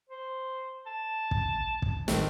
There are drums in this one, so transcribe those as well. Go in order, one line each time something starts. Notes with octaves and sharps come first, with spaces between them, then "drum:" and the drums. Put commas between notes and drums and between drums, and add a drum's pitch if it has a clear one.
C5
A5
drum: kick
drum: kick
D#3 A3 C4, drum: snare